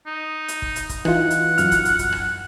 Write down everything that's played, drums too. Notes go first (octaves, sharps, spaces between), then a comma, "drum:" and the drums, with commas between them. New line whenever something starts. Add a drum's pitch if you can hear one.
D#4
drum: hi-hat
drum: kick
drum: hi-hat
drum: kick, hi-hat
E3 D#4 F4 F#5, drum: rim click
drum: hi-hat
F#2 F6, drum: hi-hat
drum: kick, hi-hat
drum: hi-hat
drum: kick, hi-hat
drum: rim click